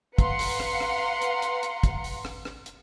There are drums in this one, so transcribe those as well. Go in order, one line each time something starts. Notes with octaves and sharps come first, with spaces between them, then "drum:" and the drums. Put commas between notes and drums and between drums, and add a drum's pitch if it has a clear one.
B4 F5 F#5 A#5 C6 C#7, drum: kick, hi-hat
drum: open hi-hat
drum: rim click
drum: rim click
drum: hi-hat
drum: hi-hat
drum: hi-hat
drum: kick, hi-hat
drum: open hi-hat
drum: rim click
drum: rim click
drum: hi-hat